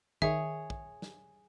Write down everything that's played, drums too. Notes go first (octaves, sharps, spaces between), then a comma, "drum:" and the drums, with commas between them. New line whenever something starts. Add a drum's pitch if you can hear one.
D#3 G#4 C#5 E5, drum: kick
drum: kick
drum: snare